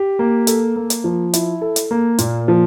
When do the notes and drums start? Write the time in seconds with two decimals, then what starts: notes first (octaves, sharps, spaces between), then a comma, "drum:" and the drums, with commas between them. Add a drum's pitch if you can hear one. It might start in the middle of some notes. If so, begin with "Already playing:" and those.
Already playing: G4
0.19 A#3
0.47 A4, drum: hi-hat
0.76 A#3
0.90 drum: hi-hat
1.04 F3
1.34 E4, drum: hi-hat
1.61 A4
1.76 drum: hi-hat
1.91 A#3
2.18 A#2, drum: hi-hat
2.48 F3